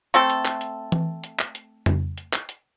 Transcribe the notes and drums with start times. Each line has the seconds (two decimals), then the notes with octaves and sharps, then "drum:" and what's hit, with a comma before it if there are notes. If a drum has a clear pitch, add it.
0.14 A3 C4 A4
0.30 drum: hi-hat
0.45 drum: clap
0.61 drum: hi-hat
0.92 drum: tom E3
1.24 drum: hi-hat
1.39 drum: clap
1.55 drum: hi-hat
1.86 drum: tom F2
2.18 drum: hi-hat
2.33 drum: clap
2.49 drum: hi-hat